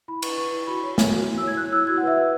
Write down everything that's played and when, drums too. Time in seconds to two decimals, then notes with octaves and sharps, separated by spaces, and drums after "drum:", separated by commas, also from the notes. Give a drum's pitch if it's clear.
0.08 E4 B5
0.22 B4 C#6, drum: cymbal
0.38 B4 C#6
0.53 E4
0.67 F#4 B5
0.83 C#5
0.98 C#5 G#5, drum: snare
1.12 F#4
1.27 E4
1.38 E6
1.42 C#5 G#6
1.57 C#5 F#6
1.72 E4 E6
1.87 F#4 G#6
1.98 F#5
2.02 B4 E5
2.17 B4